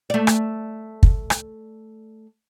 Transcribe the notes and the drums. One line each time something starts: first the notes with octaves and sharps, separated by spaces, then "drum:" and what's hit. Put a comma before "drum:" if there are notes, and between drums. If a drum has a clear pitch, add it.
A3 D5
drum: rim click
drum: kick
drum: rim click